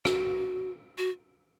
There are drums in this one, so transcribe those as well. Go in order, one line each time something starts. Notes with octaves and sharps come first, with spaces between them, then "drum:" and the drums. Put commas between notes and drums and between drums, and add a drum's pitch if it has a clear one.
F#4, drum: rim click
F#4